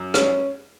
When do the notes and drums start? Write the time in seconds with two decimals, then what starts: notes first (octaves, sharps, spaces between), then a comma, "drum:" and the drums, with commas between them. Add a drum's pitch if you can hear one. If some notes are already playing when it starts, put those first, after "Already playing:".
Already playing: F#2
0.14 C#4, drum: rim click